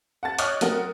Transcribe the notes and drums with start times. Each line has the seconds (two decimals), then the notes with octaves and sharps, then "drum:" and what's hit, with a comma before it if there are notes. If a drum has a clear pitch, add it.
0.23 F#5 A5 A6
0.38 C#5 D#5 D6 D#6 F6 F#6, drum: hi-hat
0.61 F#3 A3 C4 A#4 F#5 D#6, drum: hi-hat